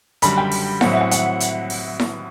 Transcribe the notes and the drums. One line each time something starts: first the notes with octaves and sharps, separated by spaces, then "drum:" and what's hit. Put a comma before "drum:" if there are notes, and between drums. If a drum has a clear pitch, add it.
F#2 D3 G3 B5, drum: hi-hat
G5
drum: open hi-hat
A2 F#3 C4 E4 F#5, drum: snare E4
E5
F#5
F#5, drum: hi-hat
drum: hi-hat
drum: open hi-hat
drum: snare E4